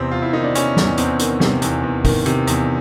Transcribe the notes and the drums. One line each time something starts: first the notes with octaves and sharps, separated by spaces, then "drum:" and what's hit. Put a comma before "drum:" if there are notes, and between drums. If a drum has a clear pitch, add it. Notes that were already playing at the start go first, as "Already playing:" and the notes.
Already playing: E2 C3 C4
E2 F4
E4
D#3 D#4
D4
C3 C#4, drum: hi-hat
E2, drum: snare
E2 C4, drum: hi-hat
D#3, drum: hi-hat
C3, drum: snare
E2, drum: hi-hat
E2
D#3, drum: kick G1, open hi-hat
C3, drum: hi-hat
E2, drum: hi-hat